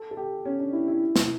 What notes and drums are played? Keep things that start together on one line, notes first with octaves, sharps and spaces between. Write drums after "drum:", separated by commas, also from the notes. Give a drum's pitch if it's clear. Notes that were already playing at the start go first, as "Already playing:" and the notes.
Already playing: A4
A4
G4
C#4
D4
E4
E4
drum: snare